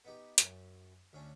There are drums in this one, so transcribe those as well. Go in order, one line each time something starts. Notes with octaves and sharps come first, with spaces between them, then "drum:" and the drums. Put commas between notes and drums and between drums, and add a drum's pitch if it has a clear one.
B3 D#4 G4
F#2, drum: hi-hat
D2 C#4 D4